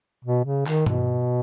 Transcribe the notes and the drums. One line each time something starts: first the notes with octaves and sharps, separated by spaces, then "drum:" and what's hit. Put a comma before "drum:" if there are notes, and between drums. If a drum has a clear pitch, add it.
B2
C#3
D#3, drum: clap
B2, drum: tom G2